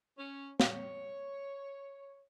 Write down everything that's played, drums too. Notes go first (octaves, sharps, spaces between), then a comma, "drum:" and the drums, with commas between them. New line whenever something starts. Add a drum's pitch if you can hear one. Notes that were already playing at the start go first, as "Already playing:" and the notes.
C#4
C#5, drum: snare